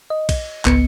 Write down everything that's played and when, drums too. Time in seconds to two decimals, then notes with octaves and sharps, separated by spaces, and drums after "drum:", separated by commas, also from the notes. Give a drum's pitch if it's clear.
0.10 D#5
0.29 drum: kick, cymbal
0.65 G#1 C#2 B3 C#7, drum: clap